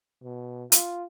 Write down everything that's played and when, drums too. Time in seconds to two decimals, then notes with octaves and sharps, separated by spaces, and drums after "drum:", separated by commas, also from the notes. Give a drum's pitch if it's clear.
0.23 B2
0.72 F4, drum: hi-hat